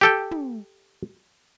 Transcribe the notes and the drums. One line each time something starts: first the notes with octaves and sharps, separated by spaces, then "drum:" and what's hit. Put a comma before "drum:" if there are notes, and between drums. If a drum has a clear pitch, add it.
G4 A4 G5
drum: tom